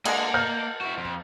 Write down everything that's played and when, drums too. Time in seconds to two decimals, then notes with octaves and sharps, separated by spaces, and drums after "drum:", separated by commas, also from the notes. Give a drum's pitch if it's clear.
0.05 D3 G#3 A#3, drum: cymbal
0.34 A#4 F6 G6
0.81 E4 F#4
0.98 F2